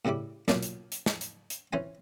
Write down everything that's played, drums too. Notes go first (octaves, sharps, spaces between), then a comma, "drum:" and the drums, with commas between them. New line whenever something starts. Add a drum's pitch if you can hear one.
A2 C#3 G3 E4 D6
B1 A#2 C#4 D5 F5 A5, drum: snare
drum: hi-hat
drum: hi-hat
drum: snare
drum: hi-hat
drum: hi-hat
E3 C#4 C5 G#5